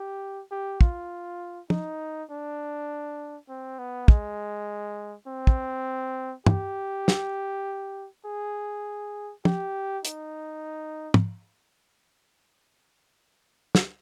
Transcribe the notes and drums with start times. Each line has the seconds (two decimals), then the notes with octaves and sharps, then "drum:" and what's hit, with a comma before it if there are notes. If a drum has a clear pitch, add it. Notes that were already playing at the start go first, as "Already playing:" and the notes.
Already playing: G4
0.51 G4
0.81 F4, drum: kick
1.70 D#4, drum: tom
2.31 D4
3.49 C4
3.79 B3
4.08 G#3, drum: kick
5.27 C4
5.47 drum: kick
6.46 G4, drum: tom
7.08 drum: snare
8.25 G#4
9.45 G4, drum: tom
10.05 D#4, drum: hi-hat
11.14 drum: tom
13.75 drum: snare